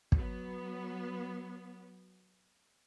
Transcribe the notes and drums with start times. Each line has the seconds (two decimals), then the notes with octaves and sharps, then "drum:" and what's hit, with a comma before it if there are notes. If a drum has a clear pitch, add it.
0.12 F#3 B3, drum: kick